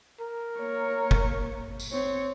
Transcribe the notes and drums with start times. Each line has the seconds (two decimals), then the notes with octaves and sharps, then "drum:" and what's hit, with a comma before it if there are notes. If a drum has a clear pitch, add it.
0.20 A#4
0.58 A#3 C#5
1.11 drum: kick
1.80 drum: tambourine
1.92 C4 C#5